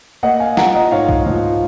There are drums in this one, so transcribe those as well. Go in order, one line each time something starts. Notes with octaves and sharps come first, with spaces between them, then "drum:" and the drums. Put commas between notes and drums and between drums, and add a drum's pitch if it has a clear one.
A#3 D#5 F#5
F5 G#5
F3 F#5 A#5, drum: snare
D#5 F#5
G#2 C#5 F5
drum: kick C2
F3